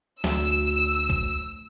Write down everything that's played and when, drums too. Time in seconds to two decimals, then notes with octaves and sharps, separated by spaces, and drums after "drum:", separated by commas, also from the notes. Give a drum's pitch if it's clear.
0.24 D2 E6, drum: snare
1.10 drum: kick